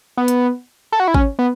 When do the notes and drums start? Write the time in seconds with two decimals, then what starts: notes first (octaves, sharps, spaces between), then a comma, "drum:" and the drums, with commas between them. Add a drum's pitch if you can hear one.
0.17 B3
0.28 drum: hi-hat
0.92 A4
1.00 F#4
1.08 E4
1.14 C#4, drum: kick
1.39 B3